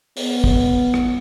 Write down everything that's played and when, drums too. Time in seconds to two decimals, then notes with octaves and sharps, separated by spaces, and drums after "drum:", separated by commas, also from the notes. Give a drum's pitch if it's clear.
0.17 B3, drum: open hi-hat
0.44 drum: kick
0.94 drum: rim click